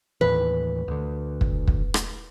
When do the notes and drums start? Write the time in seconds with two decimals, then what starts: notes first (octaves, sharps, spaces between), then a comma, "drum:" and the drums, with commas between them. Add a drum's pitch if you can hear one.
0.21 D#2 A2 E3 B4
0.88 D2 D3
1.41 drum: kick
1.68 drum: kick
1.94 drum: rim click